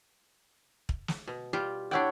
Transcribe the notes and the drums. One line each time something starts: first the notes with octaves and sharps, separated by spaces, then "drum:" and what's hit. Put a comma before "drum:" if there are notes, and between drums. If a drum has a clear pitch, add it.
drum: kick
drum: snare
B2
G3 F4 G4
D4 E4 C#5 D5 F#5 G5